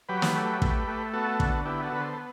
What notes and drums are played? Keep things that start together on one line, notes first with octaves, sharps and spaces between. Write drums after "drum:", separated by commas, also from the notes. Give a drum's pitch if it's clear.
F#3 G4 B4
drum: snare
A3
A3, drum: kick
A3
B3 F#4 A4
D3, drum: kick
B3 E4 G4
F#4 A4
D3 B4
A4 C5
A4